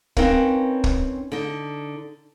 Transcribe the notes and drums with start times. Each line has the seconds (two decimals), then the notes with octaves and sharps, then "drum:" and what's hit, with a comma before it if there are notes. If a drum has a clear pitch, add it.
0.17 C4 C#4 D#4 A#4 B4 F5, drum: kick
0.84 drum: kick
1.32 D3 D#4